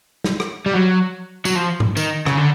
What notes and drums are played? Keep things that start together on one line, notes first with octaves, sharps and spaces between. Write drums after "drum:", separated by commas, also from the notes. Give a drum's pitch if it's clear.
drum: snare
drum: rim click
G3
F#3
F#3, drum: tambourine
F3
drum: tom G#2
D#3, drum: tambourine
C#3, drum: rim click
D3